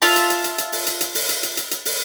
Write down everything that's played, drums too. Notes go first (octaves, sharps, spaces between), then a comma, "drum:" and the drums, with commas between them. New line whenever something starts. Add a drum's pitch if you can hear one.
F4 E5 A5, drum: open hi-hat
drum: hi-hat
drum: hi-hat
drum: hi-hat
drum: hi-hat
drum: open hi-hat
drum: hi-hat
drum: hi-hat
drum: open hi-hat
drum: hi-hat
drum: hi-hat
drum: hi-hat
drum: hi-hat
drum: open hi-hat